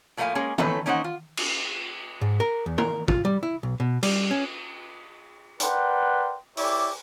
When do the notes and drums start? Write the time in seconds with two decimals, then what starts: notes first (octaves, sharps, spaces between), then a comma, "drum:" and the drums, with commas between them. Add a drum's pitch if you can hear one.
0.17 A2 F3 A3 A#3 F5 G#5
0.35 G#3 A#3 C#4 G#4
0.58 D#3 F#3 A3 C#4 A4 B4, drum: tom D#3
0.86 A#3 C#4 D#4 A#4 C5 F#5
1.04 F4
1.37 drum: cymbal
2.21 G#2
2.40 A#4
2.66 E2
2.78 A#4, drum: tom
3.08 F4, drum: kick
3.25 G3
3.43 E4
3.63 B1
3.80 B2
4.03 G3, drum: cymbal
4.31 C#4
5.60 A#4 B4 D5 F#5 G5 C6, drum: hi-hat
6.57 E4 G4 C#5 D5, drum: open hi-hat